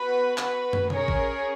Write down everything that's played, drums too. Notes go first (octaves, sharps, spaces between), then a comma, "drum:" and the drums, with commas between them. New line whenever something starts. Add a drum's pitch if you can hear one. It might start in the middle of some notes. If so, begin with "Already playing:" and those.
Already playing: B3 F#4 B4
B4, drum: clap
drum: tom
C#4 G#4 A#4 C#5, drum: tom B2
drum: kick A1